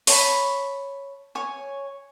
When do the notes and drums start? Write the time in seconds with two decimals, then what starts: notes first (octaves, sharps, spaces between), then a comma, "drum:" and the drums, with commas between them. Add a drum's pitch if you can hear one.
0.07 C#5 A5 B5, drum: open hi-hat
1.35 C#5 G#5